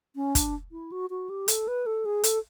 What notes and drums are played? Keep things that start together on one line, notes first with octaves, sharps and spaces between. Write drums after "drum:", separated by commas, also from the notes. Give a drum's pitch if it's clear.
C#4
D4, drum: kick, hi-hat
E4
F#4
F#4
G4
A4, drum: hi-hat
B4
A4
G#4
A4, drum: hi-hat